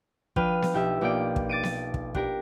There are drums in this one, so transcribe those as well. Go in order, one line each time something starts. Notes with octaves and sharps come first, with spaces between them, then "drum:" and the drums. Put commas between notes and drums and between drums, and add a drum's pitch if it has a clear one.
F3 D4 B4 G5 F6 D#7, drum: kick
drum: snare B3
B1 G4 E5
B1 A#3 F4 D5 G5 D7
drum: kick
D6 A6 D7 D#7
drum: snare B3
drum: kick
D4 G4 A#4, drum: kick